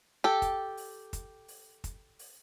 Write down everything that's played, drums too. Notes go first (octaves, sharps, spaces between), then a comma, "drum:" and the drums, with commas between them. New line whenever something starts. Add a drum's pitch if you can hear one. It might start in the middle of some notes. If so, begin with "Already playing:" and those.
G4 A4
drum: kick, hi-hat
drum: open hi-hat
drum: kick, hi-hat
drum: open hi-hat
drum: kick, hi-hat
drum: open hi-hat